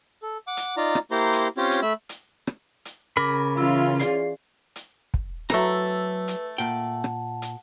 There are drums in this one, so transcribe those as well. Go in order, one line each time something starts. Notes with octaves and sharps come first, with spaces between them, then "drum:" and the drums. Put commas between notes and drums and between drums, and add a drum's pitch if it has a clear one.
A4
F#5 D6
drum: hi-hat
D#4 F4 D5 A#5
drum: rim click
A#3 E4 G4 C5 A#5 C6
drum: hi-hat
C4 C#4 F4 G4 C#5
drum: hi-hat
A3 E5 B5 E6
drum: hi-hat
drum: rim click
drum: hi-hat
C#3 A#4 B5 D6 A#6
E3 C#4 F4 E6
G#4 D5 C7, drum: hi-hat
drum: hi-hat
drum: kick
E3 F#3 A3 A4 B4 A#5 E6, drum: rim click
drum: hi-hat
A#2 F#5 G5 A5
drum: rim click
drum: hi-hat